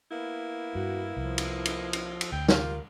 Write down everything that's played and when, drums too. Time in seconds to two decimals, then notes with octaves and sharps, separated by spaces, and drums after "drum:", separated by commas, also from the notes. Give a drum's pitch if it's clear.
0.10 A#3 B3 E4
0.75 G2 F#4
1.17 C2 F3
1.38 drum: cymbal
1.65 drum: cymbal
1.93 drum: cymbal
2.21 drum: cymbal
2.32 D2 G5
2.48 F4 G4 A#4, drum: snare